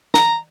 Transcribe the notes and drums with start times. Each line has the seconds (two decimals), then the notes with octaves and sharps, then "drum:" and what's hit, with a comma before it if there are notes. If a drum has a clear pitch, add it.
0.14 A#5, drum: snare